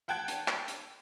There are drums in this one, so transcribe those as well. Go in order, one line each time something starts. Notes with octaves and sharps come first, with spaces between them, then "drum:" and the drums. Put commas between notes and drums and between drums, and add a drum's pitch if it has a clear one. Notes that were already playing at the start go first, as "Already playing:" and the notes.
F#5 G5 A5 F#6 G#6 D7
drum: hi-hat
drum: clap
drum: hi-hat